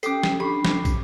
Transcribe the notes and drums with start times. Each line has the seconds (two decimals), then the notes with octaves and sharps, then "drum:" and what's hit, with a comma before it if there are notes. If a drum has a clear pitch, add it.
0.03 C#4 G4 A4 D6 C7, drum: tambourine
0.23 drum: snare
0.40 D4 G4 B5 C#6
0.65 drum: snare
0.85 drum: kick, tambourine